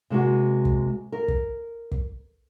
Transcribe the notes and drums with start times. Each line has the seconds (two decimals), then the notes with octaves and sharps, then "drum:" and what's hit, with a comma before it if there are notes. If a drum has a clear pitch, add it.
0.10 C3 G#3 A#3 F#4
0.65 drum: kick
1.12 A#4
1.28 drum: kick
1.91 drum: kick